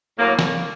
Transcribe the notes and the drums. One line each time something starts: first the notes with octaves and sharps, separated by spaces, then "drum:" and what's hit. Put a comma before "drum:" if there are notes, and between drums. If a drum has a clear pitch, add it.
A2 F#3 A#3
drum: snare